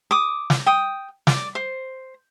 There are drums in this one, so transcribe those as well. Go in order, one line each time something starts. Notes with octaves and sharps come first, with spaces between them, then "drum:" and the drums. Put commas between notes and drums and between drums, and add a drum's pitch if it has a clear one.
D6 D#6
drum: snare
G5 D#6
D5, drum: snare
C5